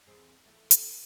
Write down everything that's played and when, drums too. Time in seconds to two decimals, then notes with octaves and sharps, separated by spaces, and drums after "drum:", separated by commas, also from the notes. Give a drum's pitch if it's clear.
0.07 E2 C4 G#4
0.46 E3 A3
0.71 drum: hi-hat